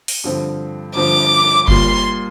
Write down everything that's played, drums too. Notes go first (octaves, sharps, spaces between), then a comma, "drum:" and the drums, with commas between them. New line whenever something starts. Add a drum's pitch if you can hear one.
drum: open hi-hat
G2 D3 F3 C4
G2 D3 F3 C4 D6
A#2 G3 A#3 F4 C6, drum: kick G1